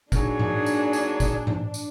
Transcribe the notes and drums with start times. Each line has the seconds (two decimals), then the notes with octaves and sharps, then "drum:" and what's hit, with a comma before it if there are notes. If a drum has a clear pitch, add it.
0.12 F#3 A#3 D4 D#4 G#4, drum: kick, tambourine
0.39 drum: tom G#2
0.66 drum: tambourine
0.93 drum: tambourine
1.20 drum: kick, tambourine
1.47 drum: tom G#2
1.74 drum: tambourine